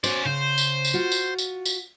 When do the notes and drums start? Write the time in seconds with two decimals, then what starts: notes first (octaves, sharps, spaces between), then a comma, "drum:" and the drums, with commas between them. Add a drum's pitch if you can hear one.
0.04 C#4 F#4 C5 D5, drum: tambourine
0.25 C#3 C5
0.58 drum: tambourine
0.85 drum: tambourine
0.94 F4 F#4
1.12 drum: tambourine
1.39 drum: tambourine
1.66 drum: tambourine